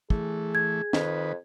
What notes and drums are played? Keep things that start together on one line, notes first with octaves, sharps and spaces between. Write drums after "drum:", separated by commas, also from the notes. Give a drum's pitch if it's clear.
E3 A3 G#4, drum: kick
G#6
F2 D#3 B4, drum: snare